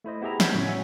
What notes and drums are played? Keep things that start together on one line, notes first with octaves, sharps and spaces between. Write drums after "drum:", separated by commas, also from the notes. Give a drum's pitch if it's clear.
A3 E4 C5 D#5
B3 E4 G4 G#4 E5 A#5
G3 E5 F#5 G6 G#6 B6, drum: snare
A2 C#3 G#3 C#4 F#4
C#5 E5 F#5 G#5